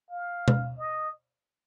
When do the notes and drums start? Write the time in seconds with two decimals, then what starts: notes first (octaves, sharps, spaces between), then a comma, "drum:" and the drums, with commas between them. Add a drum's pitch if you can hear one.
0.10 F5
0.48 drum: tom B2
0.78 D#5